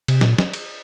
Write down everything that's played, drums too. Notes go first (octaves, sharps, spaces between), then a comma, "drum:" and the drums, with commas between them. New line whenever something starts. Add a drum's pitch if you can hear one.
C3, drum: cymbal
A#2, drum: snare
drum: snare
drum: cymbal